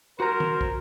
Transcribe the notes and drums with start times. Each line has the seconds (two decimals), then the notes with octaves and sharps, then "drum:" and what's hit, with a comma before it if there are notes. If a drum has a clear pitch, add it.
0.20 F#4 A#4 C5 A#5
0.40 drum: tom D#3
0.61 drum: kick